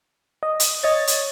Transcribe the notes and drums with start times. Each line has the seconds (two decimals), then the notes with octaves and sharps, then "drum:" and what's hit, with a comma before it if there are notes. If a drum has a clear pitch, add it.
0.43 D#5
0.60 drum: hi-hat
0.84 C#5 D#5 A6
1.07 drum: hi-hat